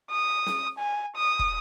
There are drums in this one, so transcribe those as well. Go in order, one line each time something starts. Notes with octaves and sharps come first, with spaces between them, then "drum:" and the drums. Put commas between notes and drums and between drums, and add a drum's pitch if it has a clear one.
D#6
drum: snare
G#5
D#6
drum: kick